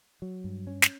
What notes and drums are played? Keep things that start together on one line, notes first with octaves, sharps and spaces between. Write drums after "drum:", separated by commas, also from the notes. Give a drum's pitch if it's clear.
F#3
G2
C#4
drum: snare